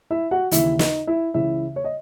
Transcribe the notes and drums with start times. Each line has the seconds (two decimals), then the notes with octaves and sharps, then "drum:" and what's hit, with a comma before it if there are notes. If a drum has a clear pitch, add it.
0.10 E4 E5
0.31 F#4 F#5
0.51 D#2 C#3 E3 E4 E5, drum: hi-hat
0.79 D#4 D#5, drum: snare
1.07 E4 E5
1.34 C#2 C#3 E3 E4 E5
1.76 C#5
1.84 D#5